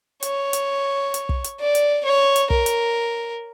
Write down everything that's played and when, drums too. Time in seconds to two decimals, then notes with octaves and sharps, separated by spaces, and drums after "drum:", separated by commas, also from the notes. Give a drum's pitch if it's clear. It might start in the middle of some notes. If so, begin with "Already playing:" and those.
0.23 C#5, drum: hi-hat
0.53 drum: hi-hat
1.14 drum: hi-hat
1.29 drum: kick
1.44 drum: hi-hat
1.60 D5
1.75 drum: hi-hat
2.05 C#5
2.36 drum: hi-hat
2.50 A#4, drum: kick
2.66 drum: hi-hat